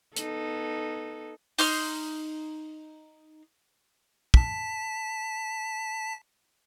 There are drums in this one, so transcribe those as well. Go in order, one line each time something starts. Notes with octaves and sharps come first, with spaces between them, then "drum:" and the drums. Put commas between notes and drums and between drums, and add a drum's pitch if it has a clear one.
B3 D#4 A4, drum: hi-hat
D#4 C6 F6, drum: open hi-hat
A5 B6, drum: kick